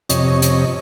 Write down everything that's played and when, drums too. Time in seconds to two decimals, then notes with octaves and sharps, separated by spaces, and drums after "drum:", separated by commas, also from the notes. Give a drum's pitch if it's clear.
0.09 F2 C3 C#5 D#5, drum: hi-hat
0.42 drum: hi-hat